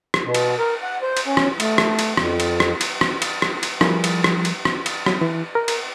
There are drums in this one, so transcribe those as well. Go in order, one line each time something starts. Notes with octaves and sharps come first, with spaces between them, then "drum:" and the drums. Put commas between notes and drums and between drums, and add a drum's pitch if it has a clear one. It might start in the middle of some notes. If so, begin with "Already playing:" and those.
drum: rim click
B2
drum: cymbal
A#4
F#5
C5
drum: cymbal
C#4
drum: rim click
A3, drum: cymbal
drum: rim click
drum: cymbal
F2, drum: rim click
drum: cymbal
drum: rim click
drum: cymbal
drum: rim click
drum: cymbal
drum: rim click
drum: cymbal
F3 G3 E4 G#4 A#4 B4, drum: rim click
drum: cymbal
drum: rim click
drum: cymbal
drum: rim click
drum: cymbal
F#3, drum: rim click
E3
A#4
drum: cymbal